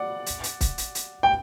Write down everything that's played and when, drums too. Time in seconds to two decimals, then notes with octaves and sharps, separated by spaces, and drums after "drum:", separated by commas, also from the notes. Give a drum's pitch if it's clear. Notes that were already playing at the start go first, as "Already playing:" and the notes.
Already playing: D5 F#5
0.26 drum: hi-hat
0.44 drum: hi-hat
0.61 drum: kick, hi-hat
0.78 drum: hi-hat
0.95 drum: hi-hat
1.23 G5